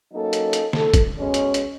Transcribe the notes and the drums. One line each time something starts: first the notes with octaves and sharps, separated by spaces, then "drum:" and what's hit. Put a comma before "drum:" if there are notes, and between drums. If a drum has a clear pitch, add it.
F#3 A#3 C#4 D#4 A4
drum: hi-hat
drum: hi-hat
A4, drum: snare
drum: kick, hi-hat
B2 G#3 C#4
drum: hi-hat
drum: hi-hat